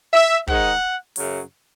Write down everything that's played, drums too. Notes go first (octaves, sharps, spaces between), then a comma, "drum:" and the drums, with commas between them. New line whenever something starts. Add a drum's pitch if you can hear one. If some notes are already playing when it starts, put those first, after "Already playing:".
E5
G#2 D#3 G#3 D#4 F#5, drum: kick
F#2 C#3 F#3, drum: open hi-hat